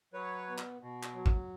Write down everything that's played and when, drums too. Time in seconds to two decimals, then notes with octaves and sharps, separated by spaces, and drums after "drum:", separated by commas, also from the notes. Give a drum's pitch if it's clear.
0.13 F#3 B4 C#5
0.47 B2
0.58 drum: clap
0.81 B2
1.03 drum: clap
1.14 F#3
1.26 drum: kick